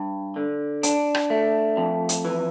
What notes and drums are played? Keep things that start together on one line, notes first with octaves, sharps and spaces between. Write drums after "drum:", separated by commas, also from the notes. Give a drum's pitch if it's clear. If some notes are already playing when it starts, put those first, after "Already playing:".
Already playing: G2
D3
D4, drum: hi-hat
drum: rim click
A3
F2
drum: hi-hat
E3